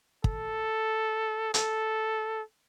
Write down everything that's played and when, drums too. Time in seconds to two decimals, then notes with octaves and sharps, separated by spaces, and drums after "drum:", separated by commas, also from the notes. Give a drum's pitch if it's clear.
0.24 A4, drum: kick
1.54 A4, drum: hi-hat